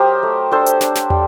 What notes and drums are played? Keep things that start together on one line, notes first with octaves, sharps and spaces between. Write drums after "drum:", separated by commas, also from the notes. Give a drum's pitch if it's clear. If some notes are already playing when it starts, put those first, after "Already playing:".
Already playing: F#3 G4 A#4 C5 D#5
A3
D4 A4 C5
drum: hi-hat
D4, drum: snare
drum: snare
G3, drum: tom